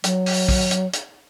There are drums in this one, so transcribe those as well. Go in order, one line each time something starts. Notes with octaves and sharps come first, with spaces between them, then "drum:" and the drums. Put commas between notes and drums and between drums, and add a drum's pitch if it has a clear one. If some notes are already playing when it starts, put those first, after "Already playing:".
F#3, drum: hi-hat
drum: open hi-hat
drum: kick, open hi-hat
drum: hi-hat
drum: hi-hat